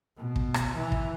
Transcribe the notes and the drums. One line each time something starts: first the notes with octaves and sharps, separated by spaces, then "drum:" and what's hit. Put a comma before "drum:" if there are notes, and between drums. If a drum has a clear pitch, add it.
B2
drum: kick
drum: rim click
E3
drum: kick